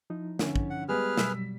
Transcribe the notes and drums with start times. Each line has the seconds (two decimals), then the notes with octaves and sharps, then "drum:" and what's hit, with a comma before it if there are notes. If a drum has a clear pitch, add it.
0.10 F3 D#4 E4
0.39 D3 C#4, drum: snare
0.56 drum: kick
0.70 F#5
0.89 G3 G#3 B3 G#4 B4 F6
1.17 B2 F#3 G3 E6 B6, drum: snare